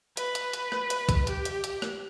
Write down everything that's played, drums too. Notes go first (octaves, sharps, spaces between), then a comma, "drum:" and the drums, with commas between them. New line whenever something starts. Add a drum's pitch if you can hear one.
B4, drum: hi-hat
drum: hi-hat
drum: hi-hat
drum: rim click
drum: hi-hat
drum: kick, hi-hat
G4, drum: hi-hat
drum: hi-hat
drum: hi-hat
drum: rim click